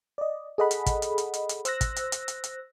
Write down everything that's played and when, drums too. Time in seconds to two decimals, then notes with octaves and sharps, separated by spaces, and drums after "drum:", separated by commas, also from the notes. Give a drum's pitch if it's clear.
0.18 D5 D#5
0.58 G#4 A4 D#5 F#5 B5
0.71 drum: hi-hat
0.86 drum: kick, hi-hat
1.02 drum: hi-hat
1.18 drum: hi-hat
1.34 drum: hi-hat
1.49 drum: hi-hat
1.65 C5 E6 F#6 A#6, drum: hi-hat
1.81 drum: kick, hi-hat
1.96 drum: hi-hat
2.12 drum: hi-hat
2.28 drum: hi-hat
2.44 drum: hi-hat